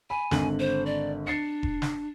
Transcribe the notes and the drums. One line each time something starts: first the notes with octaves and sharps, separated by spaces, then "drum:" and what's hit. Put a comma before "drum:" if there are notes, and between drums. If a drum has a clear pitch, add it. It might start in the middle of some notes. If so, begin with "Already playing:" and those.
G#5 B5
G#1 D3 F#7, drum: snare
C5
D5
D4 A6 C7 C#7
drum: kick E1
drum: snare